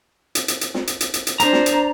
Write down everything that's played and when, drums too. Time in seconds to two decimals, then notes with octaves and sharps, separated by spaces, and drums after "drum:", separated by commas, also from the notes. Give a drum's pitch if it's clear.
0.35 drum: hi-hat
0.48 drum: hi-hat
0.61 drum: hi-hat
0.74 drum: snare
0.87 drum: hi-hat
1.00 drum: hi-hat
1.14 drum: hi-hat
1.27 drum: hi-hat
1.40 D4 C5 A#5, drum: hi-hat
1.53 drum: snare
1.66 drum: hi-hat